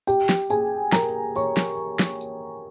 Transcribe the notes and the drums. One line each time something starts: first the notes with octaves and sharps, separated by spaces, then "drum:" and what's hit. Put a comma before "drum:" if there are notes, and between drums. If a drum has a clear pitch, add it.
G4 G5, drum: tambourine
drum: snare
G#4 G#5, drum: tambourine
A#4 A#5, drum: snare
C#5 C#6, drum: tambourine
drum: snare
drum: snare
drum: tambourine